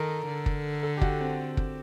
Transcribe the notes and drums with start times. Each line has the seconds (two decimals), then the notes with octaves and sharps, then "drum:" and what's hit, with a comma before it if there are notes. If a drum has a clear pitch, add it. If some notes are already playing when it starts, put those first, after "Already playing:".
Already playing: D#3 A4 A#4
0.27 D3
0.46 drum: kick
0.83 A4
0.97 G4
1.01 F#4, drum: kick
1.20 C4
1.57 drum: kick